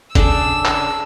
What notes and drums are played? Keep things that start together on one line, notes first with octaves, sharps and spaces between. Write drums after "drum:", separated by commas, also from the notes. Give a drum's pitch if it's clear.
C#3 D4 G#4 A4 E6, drum: kick F#1, hi-hat
drum: clap